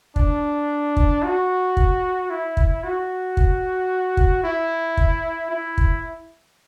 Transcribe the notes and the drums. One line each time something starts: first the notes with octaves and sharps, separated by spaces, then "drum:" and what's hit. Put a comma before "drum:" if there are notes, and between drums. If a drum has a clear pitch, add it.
D4, drum: kick
drum: kick
F#4
drum: kick
E4
drum: kick
F#4
drum: kick
drum: kick
E4
drum: kick
E4
drum: kick